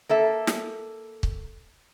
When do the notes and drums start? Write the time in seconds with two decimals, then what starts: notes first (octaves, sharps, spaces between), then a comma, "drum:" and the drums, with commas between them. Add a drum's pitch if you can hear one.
0.09 A#3 A4 E5
0.47 drum: snare
1.23 drum: kick